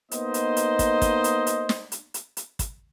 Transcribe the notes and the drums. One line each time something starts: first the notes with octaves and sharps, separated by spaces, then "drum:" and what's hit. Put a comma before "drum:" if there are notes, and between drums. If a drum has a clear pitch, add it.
A#3 B3 D#4 C5 D#5, drum: hi-hat
drum: hi-hat
drum: hi-hat
drum: kick, hi-hat
drum: kick, hi-hat
drum: hi-hat
drum: hi-hat
drum: snare
drum: hi-hat
drum: hi-hat
drum: hi-hat
drum: kick, hi-hat